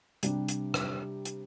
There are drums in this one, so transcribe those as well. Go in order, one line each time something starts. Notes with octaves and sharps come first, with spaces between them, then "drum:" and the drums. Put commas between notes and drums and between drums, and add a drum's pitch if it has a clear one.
C3 G3 D4 G4, drum: hi-hat
drum: hi-hat
drum: rim click
drum: hi-hat